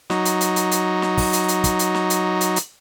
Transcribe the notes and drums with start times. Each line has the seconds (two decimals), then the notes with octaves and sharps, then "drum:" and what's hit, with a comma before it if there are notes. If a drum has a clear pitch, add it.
0.10 F#3 D#4, drum: snare
0.25 drum: hi-hat
0.41 drum: hi-hat
0.56 drum: hi-hat
0.71 drum: hi-hat
1.02 drum: snare
1.18 drum: kick, open hi-hat
1.33 drum: hi-hat
1.48 drum: hi-hat
1.64 drum: kick, hi-hat
1.79 drum: hi-hat
1.95 drum: snare
2.10 drum: hi-hat
2.41 drum: hi-hat
2.56 drum: hi-hat